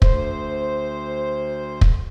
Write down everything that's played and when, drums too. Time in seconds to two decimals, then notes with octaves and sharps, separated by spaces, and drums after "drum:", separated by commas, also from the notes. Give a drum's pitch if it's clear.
0.02 D2 C5, drum: kick
1.81 drum: kick